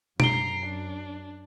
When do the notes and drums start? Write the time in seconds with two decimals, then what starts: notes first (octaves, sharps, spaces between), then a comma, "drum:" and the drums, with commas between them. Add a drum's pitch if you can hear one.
0.20 F#2 A#5 C7 D7 G7, drum: tom B2
0.66 D4